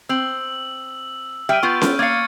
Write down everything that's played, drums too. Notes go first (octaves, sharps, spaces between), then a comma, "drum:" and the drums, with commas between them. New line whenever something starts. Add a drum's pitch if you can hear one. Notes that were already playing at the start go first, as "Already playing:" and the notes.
C4 E6 F#7
G3 E5 G5 F6 D7 D#7
B3 F4 C#6 G6
drum: snare C#4
A#3 F5 G#6 A6 C#7